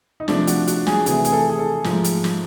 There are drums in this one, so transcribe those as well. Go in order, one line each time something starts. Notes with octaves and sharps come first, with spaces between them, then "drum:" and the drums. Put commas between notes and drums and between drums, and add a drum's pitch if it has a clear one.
D#4
C3 F3 A3 D4, drum: snare
F#4, drum: hi-hat
F#4, drum: hi-hat
G#4, drum: snare
C3 E3 A3 G#4, drum: hi-hat
G#4, drum: hi-hat
A4
G#4
A4
G#2 F3 A3, drum: snare
drum: hi-hat
drum: snare